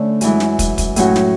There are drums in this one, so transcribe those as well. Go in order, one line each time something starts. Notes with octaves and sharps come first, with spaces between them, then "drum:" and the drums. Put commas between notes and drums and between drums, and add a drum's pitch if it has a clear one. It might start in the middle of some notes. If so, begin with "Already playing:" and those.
Already playing: D3 A3 C#4
F#2 E3 G#3, drum: hi-hat
drum: snare
drum: kick, hi-hat
drum: kick, hi-hat
A2 F#3 C#4 F#4, drum: hi-hat
drum: snare